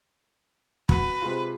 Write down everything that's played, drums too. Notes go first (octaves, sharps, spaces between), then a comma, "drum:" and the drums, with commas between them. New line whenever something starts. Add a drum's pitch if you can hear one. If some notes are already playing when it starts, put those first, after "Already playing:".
F#4 B4 B5, drum: kick
C3 G#3 F4